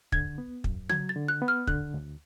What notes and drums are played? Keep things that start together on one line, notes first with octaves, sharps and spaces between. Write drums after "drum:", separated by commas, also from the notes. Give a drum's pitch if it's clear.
D3 G#6, drum: kick
B3
F#2, drum: kick
F#3 G#6, drum: tom
A6
D3
F#6
B3
F6
D3 F#6, drum: kick
D2